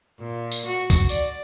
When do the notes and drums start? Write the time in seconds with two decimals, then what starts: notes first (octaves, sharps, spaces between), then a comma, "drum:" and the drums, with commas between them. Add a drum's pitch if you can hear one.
0.19 A#2
0.52 drum: tambourine
0.66 F#4
0.90 drum: kick C#2, tambourine
1.09 D5, drum: tambourine